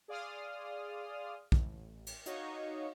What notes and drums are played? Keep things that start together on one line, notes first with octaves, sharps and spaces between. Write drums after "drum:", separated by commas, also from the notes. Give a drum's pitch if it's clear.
G#4 D5 F5 C6 D#6 F6
A1, drum: kick
drum: cymbal
D#4 F#4 C#5 D#5 F5 C#6, drum: hi-hat